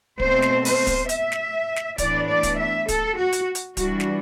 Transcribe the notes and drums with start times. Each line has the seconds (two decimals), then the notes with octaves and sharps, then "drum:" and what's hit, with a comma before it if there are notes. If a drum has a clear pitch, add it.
0.20 B2 A3 C4 C5, drum: kick
0.42 drum: snare
0.65 C5, drum: open hi-hat
0.87 drum: kick, hi-hat
1.09 E5, drum: hi-hat
1.32 drum: snare
1.76 drum: snare
1.98 A2 E3 B3 D4 D5, drum: kick, hi-hat
2.28 D5
2.43 drum: kick, hi-hat
2.58 E5
2.89 A4, drum: kick, hi-hat
3.17 F#4
3.33 drum: hi-hat
3.55 drum: hi-hat
3.77 E3 G3 D4 F#4, drum: kick, hi-hat
4.00 drum: snare